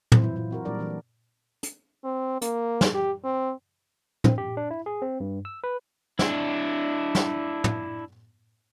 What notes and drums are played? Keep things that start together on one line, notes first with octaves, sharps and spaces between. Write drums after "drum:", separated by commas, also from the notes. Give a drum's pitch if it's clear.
E3 F#3 E4 C5, drum: tom
E4
E4 F4
C4 F#4 A#4
A#2 F#3 G3 D4 A#4 D5
E3 D4
drum: hi-hat
C4
A#3, drum: hi-hat
drum: snare
G4
C4
C4, drum: tom
G4
D4
E4
G#4
C4
G2
E6
B4
D4 E4, drum: snare
drum: snare
drum: tom